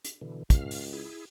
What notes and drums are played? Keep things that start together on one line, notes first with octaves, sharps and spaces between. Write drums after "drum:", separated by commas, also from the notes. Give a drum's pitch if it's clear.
drum: hi-hat
B2 D3 E3
C#2 F5 F6, drum: kick, hi-hat
drum: open hi-hat
E4 G#4